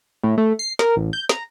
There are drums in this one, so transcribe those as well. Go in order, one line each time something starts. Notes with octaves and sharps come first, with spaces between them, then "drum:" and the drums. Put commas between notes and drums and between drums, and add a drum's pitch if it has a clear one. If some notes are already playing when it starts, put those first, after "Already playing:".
A2
A3
C7
A#4, drum: snare
A1
G6
A#5, drum: snare